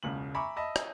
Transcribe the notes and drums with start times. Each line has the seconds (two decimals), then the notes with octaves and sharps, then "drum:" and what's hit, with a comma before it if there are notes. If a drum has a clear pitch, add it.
0.03 E1 C#2 C#3 F#7
0.35 E5 G#5 A#5 B5 C#6 D6
0.56 D#5 E5 A5 B5 E6
0.76 drum: rim click